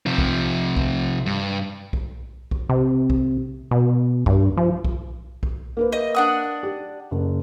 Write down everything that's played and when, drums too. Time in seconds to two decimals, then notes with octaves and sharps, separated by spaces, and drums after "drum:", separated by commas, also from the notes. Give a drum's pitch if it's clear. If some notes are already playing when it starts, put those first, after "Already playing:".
0.06 C3 F3
0.18 drum: kick B1
0.77 drum: kick B1
1.26 G2
1.93 drum: kick B1
2.51 drum: kick B1
2.69 C3
3.10 drum: kick B1
3.71 B2
4.26 G2, drum: kick B1
4.57 F3
4.85 drum: kick B1
5.43 drum: kick B1
5.77 A#3 A#4 B4
5.92 D#5
6.15 D4 F#5 D#6
6.63 G4
7.11 F#1